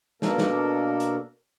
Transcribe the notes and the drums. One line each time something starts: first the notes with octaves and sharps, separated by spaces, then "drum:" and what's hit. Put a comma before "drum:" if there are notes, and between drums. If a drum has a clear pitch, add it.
B2 A#3 D4 A4 A#4, drum: snare
drum: snare
drum: hi-hat